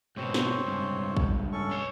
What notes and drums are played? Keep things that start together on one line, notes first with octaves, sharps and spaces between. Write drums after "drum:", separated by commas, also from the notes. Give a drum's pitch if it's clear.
G#2 B2 C4 C5 C#5
drum: snare
C#2 G2
drum: kick
C#4 A4 C#6
C#5 C6